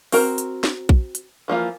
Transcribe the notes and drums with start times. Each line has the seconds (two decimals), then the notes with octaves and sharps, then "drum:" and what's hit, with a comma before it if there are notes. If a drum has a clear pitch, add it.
0.12 C4 F#4 A#4 A#5, drum: open hi-hat
0.38 drum: hi-hat
0.64 drum: snare
0.89 drum: kick A#1
1.15 drum: hi-hat
1.48 E3 F3 A#3 F4